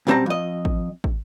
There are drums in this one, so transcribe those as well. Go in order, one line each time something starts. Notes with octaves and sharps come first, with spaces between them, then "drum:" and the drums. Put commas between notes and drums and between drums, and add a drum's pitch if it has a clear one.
B1 F#2 G3 C4 A5 A#5
F2 D#5
drum: kick
drum: kick